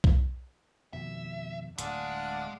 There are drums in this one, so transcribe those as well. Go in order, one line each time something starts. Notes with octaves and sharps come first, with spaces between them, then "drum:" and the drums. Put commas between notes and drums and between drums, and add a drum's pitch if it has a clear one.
drum: kick B1
F2 B2 D#3 E5
D1 G#3 D4 D5 F5 F#5, drum: hi-hat